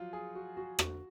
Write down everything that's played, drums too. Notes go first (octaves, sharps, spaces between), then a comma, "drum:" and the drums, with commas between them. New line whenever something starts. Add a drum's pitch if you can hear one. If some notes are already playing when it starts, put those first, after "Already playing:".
Already playing: F3 F#3 F4
G#4
F#4
F#4
F#4, drum: rim click